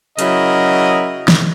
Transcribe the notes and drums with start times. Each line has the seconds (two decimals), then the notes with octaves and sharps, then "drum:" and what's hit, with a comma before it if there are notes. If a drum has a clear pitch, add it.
0.19 C#3 F#3 E4 A#4 D#5, drum: hi-hat
1.28 drum: snare